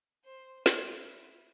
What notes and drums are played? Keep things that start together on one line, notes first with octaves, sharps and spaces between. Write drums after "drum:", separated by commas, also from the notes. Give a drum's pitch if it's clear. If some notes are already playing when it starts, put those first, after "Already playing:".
C5
E4, drum: snare
E4